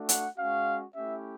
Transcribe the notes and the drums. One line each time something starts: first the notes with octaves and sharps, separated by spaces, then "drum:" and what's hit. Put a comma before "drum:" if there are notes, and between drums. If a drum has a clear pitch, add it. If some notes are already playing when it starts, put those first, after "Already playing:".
Already playing: A3 D4 F#4
F#5, drum: hi-hat
G#3 C#4 F#4 F5
A3 C#4 E4 G4 E5